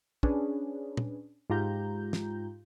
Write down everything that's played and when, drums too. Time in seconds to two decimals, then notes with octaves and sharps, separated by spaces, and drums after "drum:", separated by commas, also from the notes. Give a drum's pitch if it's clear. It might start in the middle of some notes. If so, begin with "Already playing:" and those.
0.23 C#4 D4 G#4 B4, drum: kick
0.97 drum: tom
1.50 G#2 F4 G4 A#5 G6
2.13 drum: snare